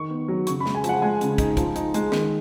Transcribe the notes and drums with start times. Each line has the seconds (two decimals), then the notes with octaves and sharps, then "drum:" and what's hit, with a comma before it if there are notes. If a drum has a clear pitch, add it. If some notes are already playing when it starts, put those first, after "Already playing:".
Already playing: D#3 C#6
0.10 B3
0.28 F#3
0.47 C#3 C#6, drum: hi-hat
0.60 B5
0.66 G#3, drum: snare
0.75 G#5
0.84 F3, drum: hi-hat
0.89 F#5
1.02 G#3 G#5
1.21 C#3, drum: hi-hat
1.38 D#4, drum: kick, hi-hat
1.57 F3, drum: kick, hi-hat
1.76 D#4, drum: hi-hat
1.94 G#3, drum: hi-hat
2.12 D#3, drum: snare